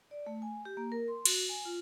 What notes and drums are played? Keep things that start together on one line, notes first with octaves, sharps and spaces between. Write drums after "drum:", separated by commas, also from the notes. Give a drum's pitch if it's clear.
D5
A3
G#5
G4
A#3
A#4
C6
F#4, drum: cymbal
G#5
F4